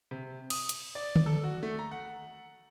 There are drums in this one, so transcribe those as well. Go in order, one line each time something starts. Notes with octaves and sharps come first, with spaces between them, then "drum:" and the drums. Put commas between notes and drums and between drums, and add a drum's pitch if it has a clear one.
C3
D#6, drum: cymbal
drum: hi-hat
D5
drum: tom D3
A4
F#4
A3
A#5
F#5